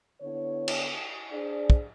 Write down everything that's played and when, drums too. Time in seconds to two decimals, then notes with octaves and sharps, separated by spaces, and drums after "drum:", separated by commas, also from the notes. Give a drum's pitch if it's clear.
0.22 D3 B3 E4 C#5
0.68 drum: cymbal
1.32 D4 G#4 C5 D5
1.70 drum: kick